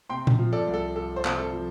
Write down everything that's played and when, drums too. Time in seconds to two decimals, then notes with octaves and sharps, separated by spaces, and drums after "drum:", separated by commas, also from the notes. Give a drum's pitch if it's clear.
0.10 C3 G5 C6
0.27 drum: tom A#2
0.39 F3
0.52 A4 D5
0.67 C2
0.74 A4
0.96 C2 A4
1.16 C5
1.25 C3, drum: clap
1.38 A4
1.53 F3